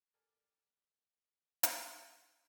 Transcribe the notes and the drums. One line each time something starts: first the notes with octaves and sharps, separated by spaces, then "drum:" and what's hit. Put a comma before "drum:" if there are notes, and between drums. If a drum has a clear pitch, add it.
G4 A4 A#4 D5 G#5
drum: hi-hat